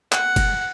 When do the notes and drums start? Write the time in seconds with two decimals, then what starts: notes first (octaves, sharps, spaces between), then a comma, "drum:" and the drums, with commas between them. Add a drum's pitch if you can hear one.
0.12 F#5, drum: clap
0.36 drum: kick F#1, cymbal